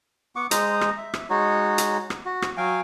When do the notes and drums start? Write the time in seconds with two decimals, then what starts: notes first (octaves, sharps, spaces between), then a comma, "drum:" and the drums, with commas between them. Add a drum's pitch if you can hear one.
0.36 B3 F#5 C#6 D6
0.51 G#3 C5 A#5 D#6, drum: hi-hat
0.81 drum: rim click
0.97 E5
1.14 drum: rim click
1.30 G#3 D#4 F#4 C#5
1.78 drum: hi-hat
2.10 drum: rim click
2.26 F#4
2.42 drum: rim click
2.57 F#3 F5 G5 G#5